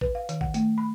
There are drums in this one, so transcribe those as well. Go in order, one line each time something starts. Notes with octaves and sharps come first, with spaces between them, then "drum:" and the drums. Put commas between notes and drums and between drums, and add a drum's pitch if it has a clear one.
B4, drum: kick A1
F5
D#3, drum: hi-hat
F#5, drum: kick A1
A3, drum: hi-hat
B5